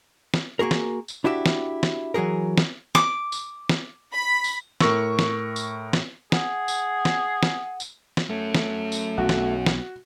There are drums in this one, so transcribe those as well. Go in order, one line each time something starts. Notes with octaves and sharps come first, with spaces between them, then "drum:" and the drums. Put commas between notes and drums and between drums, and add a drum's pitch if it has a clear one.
drum: snare
A#3 F#4 G#4 A#4
drum: snare
drum: tambourine
D4 E4 F#4 G4 E5
drum: snare
drum: snare
E3 F#3 F#4 G#4 A#4
drum: snare
D6, drum: snare
drum: tambourine
drum: snare
B5 B6
drum: tambourine
A2 A#4 C#6 E6, drum: snare
drum: snare
drum: tambourine
drum: snare
G#4 F#5, drum: snare
drum: tambourine
drum: snare
drum: snare
drum: tambourine
drum: snare
F#3 A3 C#4
drum: snare
drum: tambourine
B1 F#4
drum: snare
drum: snare